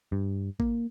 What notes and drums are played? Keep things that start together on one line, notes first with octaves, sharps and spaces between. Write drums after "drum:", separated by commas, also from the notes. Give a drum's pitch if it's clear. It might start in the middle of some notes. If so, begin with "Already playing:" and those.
G2
A#3, drum: kick G#1